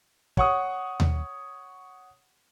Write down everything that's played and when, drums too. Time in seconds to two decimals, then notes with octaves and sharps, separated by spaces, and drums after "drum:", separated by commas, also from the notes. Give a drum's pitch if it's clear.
0.37 C#5 F#5 C#6 D#6, drum: kick
1.00 drum: tom D#2